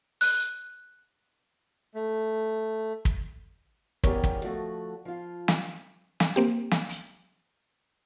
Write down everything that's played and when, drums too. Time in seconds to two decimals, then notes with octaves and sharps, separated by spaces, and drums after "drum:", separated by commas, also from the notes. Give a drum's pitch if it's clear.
0.21 F#6, drum: open hi-hat
1.95 A3
3.05 drum: kick
4.03 E2 G3 C#4 G4 A#4 C#5, drum: kick
4.24 drum: kick
4.44 D3 F3 A3 F#4
5.05 F3 F4
5.48 drum: snare
6.20 drum: snare
6.36 A#3 C4 G4
6.71 drum: snare
6.89 drum: hi-hat